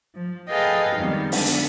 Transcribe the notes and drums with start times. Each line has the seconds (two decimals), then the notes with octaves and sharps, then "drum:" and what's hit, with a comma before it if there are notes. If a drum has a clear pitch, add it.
0.15 F3
0.48 G#4 A4 B4 D#5 F5 G5
0.96 F2 D#3 G3 G#3 B3
1.32 D3 G#3 B3 A4, drum: open hi-hat
1.46 drum: hi-hat